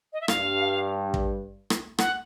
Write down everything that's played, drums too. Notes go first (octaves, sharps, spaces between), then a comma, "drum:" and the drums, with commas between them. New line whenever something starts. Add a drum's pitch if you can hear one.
D#5
E5
G2 F5, drum: rim click
drum: kick
drum: rim click
F#5, drum: rim click